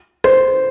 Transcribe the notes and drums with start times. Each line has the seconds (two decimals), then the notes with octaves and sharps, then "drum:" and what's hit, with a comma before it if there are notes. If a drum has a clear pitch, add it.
0.24 C5, drum: rim click